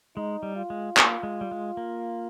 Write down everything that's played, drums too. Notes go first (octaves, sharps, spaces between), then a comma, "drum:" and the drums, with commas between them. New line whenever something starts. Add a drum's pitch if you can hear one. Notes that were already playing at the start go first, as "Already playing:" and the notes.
G#3 D#4
G3
F4
G#3
A#3, drum: clap
G#3
G3
G#3
A#3